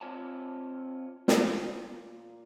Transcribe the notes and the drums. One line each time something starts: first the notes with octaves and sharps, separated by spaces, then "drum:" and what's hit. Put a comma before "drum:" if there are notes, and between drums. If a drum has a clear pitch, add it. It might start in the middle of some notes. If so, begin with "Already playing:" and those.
C4 F4 C#5 G#5 A5
A#2, drum: snare